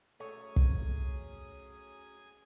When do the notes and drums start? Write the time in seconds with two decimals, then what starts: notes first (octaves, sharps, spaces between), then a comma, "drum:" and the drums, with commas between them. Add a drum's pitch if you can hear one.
0.20 F#3 A3 C#4 G#4 C#5 G#5 D#6
0.56 drum: kick